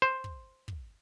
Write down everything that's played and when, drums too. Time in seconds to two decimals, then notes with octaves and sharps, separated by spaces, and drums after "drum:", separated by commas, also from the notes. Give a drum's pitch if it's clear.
0.02 C5
0.24 drum: kick
0.68 drum: kick